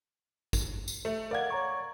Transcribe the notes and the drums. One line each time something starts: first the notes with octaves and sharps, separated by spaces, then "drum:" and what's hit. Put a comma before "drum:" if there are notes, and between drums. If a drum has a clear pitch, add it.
drum: kick, tambourine
drum: tambourine
A3
A#4 D5 F5 F#5 G#6
C#5 A#5 C#6